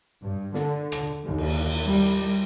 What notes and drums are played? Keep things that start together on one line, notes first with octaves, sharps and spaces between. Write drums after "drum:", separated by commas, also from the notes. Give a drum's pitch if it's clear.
G2
D3, drum: snare
drum: rim click
D#2
drum: cymbal
G3
drum: hi-hat